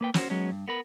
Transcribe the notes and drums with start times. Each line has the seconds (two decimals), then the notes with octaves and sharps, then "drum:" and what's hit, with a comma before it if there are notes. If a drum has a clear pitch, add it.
0.01 A#3 B4 G5
0.14 C#4 F#4 C5, drum: snare
0.30 F#3 G#3 B3 C#4
0.51 G2
0.68 B3 A#4 B5